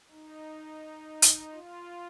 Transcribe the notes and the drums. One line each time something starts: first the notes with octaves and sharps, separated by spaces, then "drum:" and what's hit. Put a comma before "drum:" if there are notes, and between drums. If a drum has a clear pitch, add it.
D#4
drum: hi-hat
F4